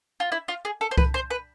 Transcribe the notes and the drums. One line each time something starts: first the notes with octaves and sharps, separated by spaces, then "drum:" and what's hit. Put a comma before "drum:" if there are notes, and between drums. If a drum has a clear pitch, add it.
F4
E4
F4
G#4
A4
C5
B4, drum: kick C2
C5
B4